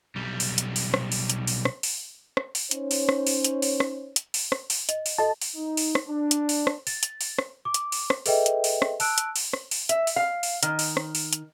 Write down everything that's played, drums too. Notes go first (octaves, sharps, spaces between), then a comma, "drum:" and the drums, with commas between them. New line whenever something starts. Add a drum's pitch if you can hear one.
B1 G3
drum: open hi-hat
drum: hi-hat
drum: open hi-hat
drum: rim click
drum: open hi-hat
drum: hi-hat
drum: open hi-hat
drum: rim click
drum: open hi-hat
drum: rim click
drum: open hi-hat
C#4 D#4 C5 C#5, drum: hi-hat
drum: open hi-hat
drum: rim click
drum: open hi-hat
drum: hi-hat
drum: open hi-hat
drum: rim click
drum: hi-hat
drum: open hi-hat
drum: rim click
drum: open hi-hat
D#5, drum: hi-hat
drum: open hi-hat
F#4 A4 D#5 A5
drum: open hi-hat
D#4
drum: open hi-hat
drum: rim click
D4
drum: hi-hat
drum: open hi-hat
drum: rim click
A6, drum: open hi-hat
drum: hi-hat
drum: open hi-hat
drum: rim click
D6
drum: hi-hat
drum: open hi-hat
drum: rim click
G#4 A4 B4 D#5 E5 G5, drum: open hi-hat
drum: hi-hat
drum: open hi-hat
drum: rim click
A5 E6 F#6 D7, drum: open hi-hat
drum: hi-hat
drum: open hi-hat
drum: rim click
drum: open hi-hat
E5, drum: hi-hat
drum: open hi-hat
F5
drum: open hi-hat
D#3, drum: hi-hat
drum: open hi-hat
drum: rim click
drum: open hi-hat
drum: hi-hat